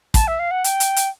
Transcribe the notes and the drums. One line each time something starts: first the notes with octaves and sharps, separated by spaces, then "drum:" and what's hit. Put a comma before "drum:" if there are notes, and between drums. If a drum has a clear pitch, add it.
A5, drum: kick, hi-hat
E5
F5
F#5
G5, drum: hi-hat
drum: hi-hat
drum: hi-hat